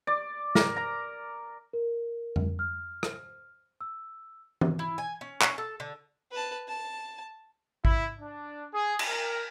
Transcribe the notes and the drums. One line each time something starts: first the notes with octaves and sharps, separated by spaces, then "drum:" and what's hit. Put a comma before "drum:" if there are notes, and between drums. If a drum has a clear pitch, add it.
D5
A#4, drum: snare
A#5
A#4
drum: tom F2
F6
drum: rim click
E6
drum: tom E3
E4
G#5
C#4
C#4, drum: clap
A4
D3
B4 A5
A5
E4, drum: kick A1
D4
G#4
drum: cymbal
A#4